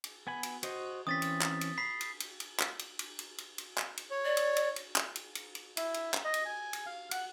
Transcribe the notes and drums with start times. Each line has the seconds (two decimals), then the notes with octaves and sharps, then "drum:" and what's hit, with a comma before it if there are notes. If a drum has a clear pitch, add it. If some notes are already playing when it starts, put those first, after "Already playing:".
0.04 drum: cymbal
0.27 B3 G#5 B5
0.43 drum: cymbal
0.63 F#4 C5 D#5, drum: cymbal
1.07 E3 C4 C#4 D#6 A6 B6
1.22 drum: cymbal
1.42 drum: clap
1.61 drum: cymbal
1.78 B5 B6 C7
2.01 drum: cymbal
2.20 drum: cymbal
2.40 drum: cymbal
2.60 drum: clap
2.79 drum: cymbal
2.99 drum: cymbal
3.19 drum: cymbal
3.38 drum: cymbal
3.58 drum: cymbal
3.78 drum: clap
3.97 drum: cymbal
4.11 C#5
4.25 D5
4.37 drum: cymbal
4.56 drum: cymbal
4.76 drum: cymbal
4.96 drum: clap
5.16 drum: cymbal
5.35 drum: cymbal
5.55 drum: cymbal
5.77 E4, drum: cymbal
5.94 drum: cymbal
6.14 drum: clap
6.25 D#5
6.34 drum: cymbal
6.45 G#5
6.73 drum: cymbal
6.86 F5
7.11 F#5, drum: cymbal